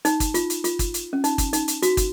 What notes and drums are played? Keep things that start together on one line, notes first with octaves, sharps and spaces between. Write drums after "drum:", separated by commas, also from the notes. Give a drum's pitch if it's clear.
D#4, drum: hi-hat
drum: kick, hi-hat
F4, drum: hi-hat
drum: hi-hat
F4, drum: hi-hat
drum: kick, hi-hat
drum: hi-hat
C#4
D#4, drum: hi-hat
drum: kick, hi-hat
D#4, drum: hi-hat
drum: hi-hat
F#4, drum: hi-hat
drum: kick, hi-hat